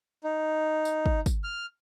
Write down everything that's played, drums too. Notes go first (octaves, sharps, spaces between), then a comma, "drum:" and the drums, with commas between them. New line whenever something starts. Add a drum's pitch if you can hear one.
D#4
drum: tambourine
drum: kick
drum: kick, tambourine
F6